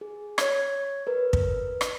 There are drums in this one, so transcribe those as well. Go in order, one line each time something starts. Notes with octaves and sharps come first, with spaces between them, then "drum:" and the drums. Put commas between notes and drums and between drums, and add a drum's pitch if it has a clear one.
G#4
C#5 G#6, drum: rim click
A#4 B4
drum: kick
drum: rim click